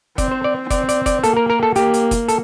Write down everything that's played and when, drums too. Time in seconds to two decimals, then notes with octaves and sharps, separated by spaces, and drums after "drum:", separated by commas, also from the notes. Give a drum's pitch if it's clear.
0.18 C4 D5, drum: kick, hi-hat
0.31 C5
0.44 D5
0.70 C4 D5, drum: kick, hi-hat
0.89 D5, drum: hi-hat
1.06 D5, drum: kick, hi-hat
1.23 A#3 A4, drum: hi-hat
1.37 A#4
1.50 A#4
1.63 A4
1.75 A#3 G4, drum: hi-hat
1.94 drum: hi-hat
2.11 drum: kick, hi-hat
2.28 A4, drum: hi-hat